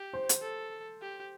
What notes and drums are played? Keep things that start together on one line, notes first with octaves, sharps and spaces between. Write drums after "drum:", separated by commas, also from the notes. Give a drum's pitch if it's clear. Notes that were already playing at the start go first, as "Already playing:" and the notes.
Already playing: G4
C5
drum: hi-hat
A4
G4